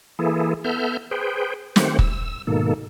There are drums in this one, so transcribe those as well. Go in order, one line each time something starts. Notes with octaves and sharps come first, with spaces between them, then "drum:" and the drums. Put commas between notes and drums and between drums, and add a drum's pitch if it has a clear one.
E3 A#3 E4 G#4 A4
B3 A4 E5 F6 G6
G#4 B4 C5 G5
D#3 A3 C4 G4 C5 F#5, drum: snare
E6, drum: kick
G#2 B2 D#3 A#3 A4